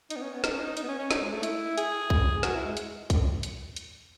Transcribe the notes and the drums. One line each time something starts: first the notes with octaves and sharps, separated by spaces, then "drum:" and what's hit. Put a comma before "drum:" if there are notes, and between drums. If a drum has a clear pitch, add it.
D#4, drum: hi-hat
B3
C#4
B3
D#4, drum: snare
C#4
D#4
D#4, drum: hi-hat
B3
C#4
C#4
D#4, drum: snare
G#3
A3
E4, drum: hi-hat
G#4, drum: hi-hat
drum: kick C2
F#4, drum: snare
E4
G#3
drum: hi-hat
drum: kick C2, hi-hat
drum: hi-hat
drum: hi-hat